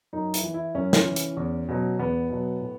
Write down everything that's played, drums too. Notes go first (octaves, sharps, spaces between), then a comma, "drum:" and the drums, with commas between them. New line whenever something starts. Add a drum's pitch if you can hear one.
F#2 D#4
E4, drum: hi-hat
E3
E4
F#2 C#4
drum: snare
E3
drum: hi-hat
E2
B2 F#3
E2 B3
B2 F#3
A2